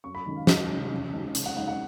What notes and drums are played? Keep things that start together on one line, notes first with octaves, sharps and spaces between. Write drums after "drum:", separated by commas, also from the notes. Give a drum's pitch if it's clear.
F#2 C#6
B5
D#3 G#3 C#4
F5
F#2 D#5, drum: snare
D#3 G#3 C#4
C#3
G#3 D#4
C#3, drum: hi-hat
F#5
G#3 D#4 F#5
F#5